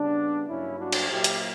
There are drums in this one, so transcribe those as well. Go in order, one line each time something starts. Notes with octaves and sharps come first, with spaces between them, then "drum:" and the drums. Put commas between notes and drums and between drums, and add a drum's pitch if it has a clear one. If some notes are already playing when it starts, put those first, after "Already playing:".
Already playing: C#3 G3 B3 D4
G2 F#3 A#3 C#4 E4
D4 F#4
drum: cymbal
A#2 F#3 A#3 E4 G4
drum: hi-hat